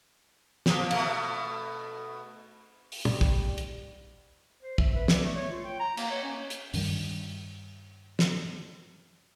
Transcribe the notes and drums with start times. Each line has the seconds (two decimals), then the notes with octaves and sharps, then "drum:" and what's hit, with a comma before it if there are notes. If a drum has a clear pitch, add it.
0.66 F3 G4, drum: snare
0.91 B2 A3, drum: cymbal
2.92 drum: open hi-hat
3.05 G3, drum: tom
3.21 drum: kick
3.58 drum: hi-hat
4.62 C5
4.78 E5, drum: kick
4.94 B4
5.08 D5, drum: snare
5.24 A3
5.35 C#5
5.50 F4
5.64 G5
5.80 A#5
5.97 A#3, drum: cymbal
6.10 C#5
6.23 C#4
6.50 drum: hi-hat
6.74 G2 D#3 G3, drum: open hi-hat
8.19 drum: snare